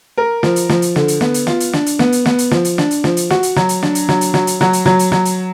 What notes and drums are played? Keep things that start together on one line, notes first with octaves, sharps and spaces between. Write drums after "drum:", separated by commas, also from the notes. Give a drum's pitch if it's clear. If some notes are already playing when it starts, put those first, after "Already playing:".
A#4
F3, drum: snare
drum: hi-hat
F3, drum: snare
drum: hi-hat
D3, drum: snare
drum: hi-hat
B3, drum: snare
drum: hi-hat
F4, drum: snare
drum: hi-hat
D4, drum: snare
drum: hi-hat
B3, drum: snare
drum: hi-hat
B3, drum: snare
drum: hi-hat
F3, drum: snare
drum: hi-hat
D4, drum: snare
drum: hi-hat
F3, drum: snare
drum: hi-hat
F#4, drum: snare
drum: hi-hat
F#3, drum: snare
drum: hi-hat
D4, drum: snare
drum: hi-hat
F#3, drum: snare
drum: hi-hat
F#3, drum: snare
drum: hi-hat
F#3, drum: snare
drum: hi-hat
F#3, drum: snare
drum: hi-hat
F#3, drum: snare
drum: hi-hat